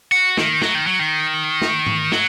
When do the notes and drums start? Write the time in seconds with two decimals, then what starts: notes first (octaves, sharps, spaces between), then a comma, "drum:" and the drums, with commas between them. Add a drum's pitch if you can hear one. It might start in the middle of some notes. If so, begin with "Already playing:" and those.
0.12 F#4
0.37 D#3, drum: snare
0.62 F#3, drum: snare
0.75 D#3
0.87 F#3
0.99 D#3
1.62 drum: snare
1.87 drum: tom G#2
2.12 F#3, drum: snare